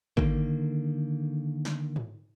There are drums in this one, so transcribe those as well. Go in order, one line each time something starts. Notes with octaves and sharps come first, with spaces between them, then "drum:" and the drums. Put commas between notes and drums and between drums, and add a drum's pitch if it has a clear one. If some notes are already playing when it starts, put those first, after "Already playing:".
D3 D#3 A#3, drum: kick
drum: snare
drum: tom G#2